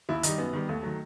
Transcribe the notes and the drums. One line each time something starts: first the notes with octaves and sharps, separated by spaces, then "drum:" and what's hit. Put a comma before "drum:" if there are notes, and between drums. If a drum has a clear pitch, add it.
D#2 E4
D#3 G3 D#4, drum: hi-hat
F#2 B3
D#3 G3
D#2 A3
D#3 F#3